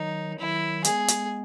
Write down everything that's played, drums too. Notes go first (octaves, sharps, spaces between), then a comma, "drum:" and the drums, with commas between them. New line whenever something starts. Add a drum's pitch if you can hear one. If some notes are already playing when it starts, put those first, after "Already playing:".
Already playing: D#3 F#3 D#4
D#3 F#3 E4
G#3 B3 G#4, drum: hi-hat
drum: hi-hat